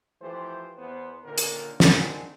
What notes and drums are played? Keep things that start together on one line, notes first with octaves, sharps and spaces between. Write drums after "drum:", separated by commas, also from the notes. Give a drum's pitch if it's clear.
E3 F3 A3 G4 C5
E2 B3 C5
A#2 D3 D#3 C#4 A#4
drum: hi-hat
D3 D#3 C4 G#4, drum: snare